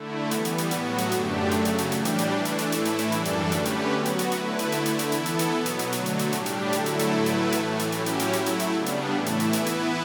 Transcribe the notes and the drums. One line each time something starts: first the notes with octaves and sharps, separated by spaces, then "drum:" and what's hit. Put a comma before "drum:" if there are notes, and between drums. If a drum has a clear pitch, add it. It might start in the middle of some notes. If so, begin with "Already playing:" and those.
Already playing: D3 A3 E4
E3 G3 B3, drum: hi-hat
drum: hi-hat
drum: hi-hat
A2 F#3 B3 F#4, drum: hi-hat
drum: hi-hat
F#2 D3 A3 D4 G4, drum: hi-hat
C#3 F#3 A3, drum: hi-hat
drum: hi-hat
drum: hi-hat
A2 E3 G3 D4 G4, drum: hi-hat
drum: hi-hat
drum: hi-hat
E3 A3 D4
drum: hi-hat
drum: hi-hat
A2 E3 A3 E4, drum: hi-hat
drum: hi-hat
drum: hi-hat
F#2 E3 G3 D4 A4, drum: hi-hat
drum: hi-hat
D3 A3 C#4 G4 B4, drum: hi-hat
drum: hi-hat
F#3 B3 F#4
drum: hi-hat
drum: hi-hat
D3 A3 E4 B4, drum: hi-hat
drum: hi-hat
D3 A3 E4, drum: hi-hat
drum: hi-hat
drum: hi-hat
E3 B3 E4 A4, drum: hi-hat
drum: hi-hat
drum: hi-hat
B2 F#3 B3
drum: hi-hat
drum: hi-hat
D3 F#3 A3, drum: hi-hat
drum: hi-hat
drum: hi-hat
A2 G3 D4 G4, drum: hi-hat
drum: hi-hat
D3 F#3 A3 E4 A4, drum: hi-hat
drum: hi-hat
drum: hi-hat
A2 F#3 A3 E4 B4
drum: hi-hat
A2 E3 A3, drum: hi-hat
drum: hi-hat
A2 F#3 C#4 E4 G4, drum: hi-hat
drum: hi-hat
drum: hi-hat
F#3 A3 E4, drum: hi-hat
drum: hi-hat
drum: hi-hat
C#3 G3 B3 D4
drum: hi-hat
A2 E3 A3 E4
drum: hi-hat
drum: hi-hat
E3 B3 E4 B4, drum: hi-hat
drum: hi-hat